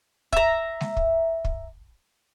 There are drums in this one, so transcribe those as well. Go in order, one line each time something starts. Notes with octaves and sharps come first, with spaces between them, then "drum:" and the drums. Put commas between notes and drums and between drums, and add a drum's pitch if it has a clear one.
E5 A#5, drum: kick
drum: snare G#3
drum: kick
drum: kick